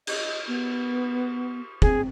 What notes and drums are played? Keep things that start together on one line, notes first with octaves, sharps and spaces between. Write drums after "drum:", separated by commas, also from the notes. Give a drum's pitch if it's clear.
D#5, drum: cymbal
B3
C4 G#4, drum: kick